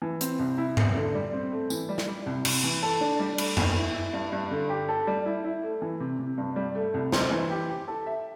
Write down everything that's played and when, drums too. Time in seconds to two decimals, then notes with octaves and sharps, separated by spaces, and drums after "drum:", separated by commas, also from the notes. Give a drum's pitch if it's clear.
0.02 E3
0.21 C4, drum: hi-hat
0.39 C2
0.58 E4
0.77 E2, drum: tom G#2
0.95 D3
1.15 G3
1.33 C4
1.52 A3
1.70 E3, drum: tambourine
1.89 G3
1.98 drum: snare
2.08 G3
2.26 C2
2.45 C2, drum: cymbal
2.64 E3
2.83 A4
3.01 D4
3.19 G3
3.38 A3, drum: cymbal
3.57 E2, drum: tom F#2
3.76 E4
3.95 E4
4.13 G2
4.32 G2
4.51 D3
4.69 G4
4.89 A4
5.07 G3
5.26 E4
5.45 E4
5.63 A3
5.82 E3
6.00 C3
6.19 C3
6.38 G2
6.56 G3
6.75 A3
6.94 C2
7.12 C5, drum: snare
7.31 E3
7.50 G4
7.69 G4
7.88 A4
8.06 E5